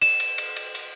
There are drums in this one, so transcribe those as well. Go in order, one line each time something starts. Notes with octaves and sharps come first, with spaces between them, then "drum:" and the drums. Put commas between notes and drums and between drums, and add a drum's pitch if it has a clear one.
E7, drum: cymbal
drum: cymbal
drum: cymbal
drum: cymbal
drum: cymbal